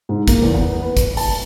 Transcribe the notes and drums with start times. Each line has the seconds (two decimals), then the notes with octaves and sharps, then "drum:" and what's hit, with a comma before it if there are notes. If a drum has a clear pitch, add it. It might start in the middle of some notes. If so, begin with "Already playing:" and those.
0.09 G#2
0.28 A#3, drum: kick, hi-hat
0.42 E2
0.55 B3
0.82 B4
0.97 drum: kick, hi-hat
1.17 A5, drum: open hi-hat